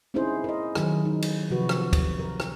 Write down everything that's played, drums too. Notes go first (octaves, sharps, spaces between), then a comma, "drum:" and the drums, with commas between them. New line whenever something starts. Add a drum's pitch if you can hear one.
C4 C#4 D#4 E4 G#4 C5
A#4 D#5
D#3 F#3 G#4, drum: rim click
D#4
drum: cymbal
C3 F3 F#4 B4
drum: rim click
drum: kick, cymbal
A#4
drum: rim click